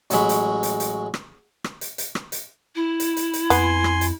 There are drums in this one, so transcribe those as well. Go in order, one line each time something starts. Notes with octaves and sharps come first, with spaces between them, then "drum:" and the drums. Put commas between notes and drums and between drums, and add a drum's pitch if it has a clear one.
A1 F#3 G#3 B5, drum: hi-hat
drum: hi-hat
drum: hi-hat
drum: hi-hat
drum: rim click
drum: rim click
drum: hi-hat
drum: hi-hat
drum: rim click
drum: hi-hat
E4
drum: hi-hat
drum: hi-hat
drum: hi-hat
F2 B3 G#5 C6, drum: hi-hat
drum: rim click
drum: hi-hat